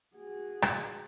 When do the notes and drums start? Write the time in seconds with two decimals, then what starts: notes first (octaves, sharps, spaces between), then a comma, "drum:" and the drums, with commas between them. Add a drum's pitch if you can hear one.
0.16 F#4 G#4
0.62 drum: rim click